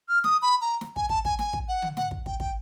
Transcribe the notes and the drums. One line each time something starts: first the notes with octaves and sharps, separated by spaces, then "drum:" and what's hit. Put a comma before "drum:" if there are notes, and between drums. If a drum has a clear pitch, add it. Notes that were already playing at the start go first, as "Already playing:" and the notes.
F6
D#6, drum: snare
B5
A#5
drum: snare
G#5, drum: kick
A5, drum: kick
G#5, drum: kick
G#5, drum: snare
drum: kick
F#5
drum: tom
F#5, drum: snare
drum: kick
G5, drum: kick
G5, drum: kick